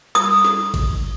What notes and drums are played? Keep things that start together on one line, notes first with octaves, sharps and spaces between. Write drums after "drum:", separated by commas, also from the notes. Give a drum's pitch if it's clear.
D#6, drum: cymbal
drum: snare
drum: kick A1, cymbal